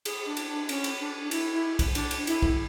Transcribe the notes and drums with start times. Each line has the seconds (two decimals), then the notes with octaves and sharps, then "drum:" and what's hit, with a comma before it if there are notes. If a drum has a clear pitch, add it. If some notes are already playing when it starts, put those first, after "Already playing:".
0.05 G#4, drum: cymbal
0.26 D4
0.37 drum: cymbal
0.47 D4
0.69 C#4, drum: cymbal
0.84 drum: cymbal
1.00 D4
1.24 D4
1.31 E4, drum: cymbal
1.53 E4
1.79 drum: kick B1, cymbal
1.95 D4, drum: cymbal
2.11 drum: cymbal
2.27 E4, drum: cymbal
2.42 drum: kick B1